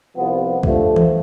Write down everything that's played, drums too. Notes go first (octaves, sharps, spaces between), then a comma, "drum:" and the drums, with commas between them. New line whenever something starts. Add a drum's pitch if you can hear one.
C2 C3 F3 B3
G2 F3 A3, drum: kick C2
drum: tom E3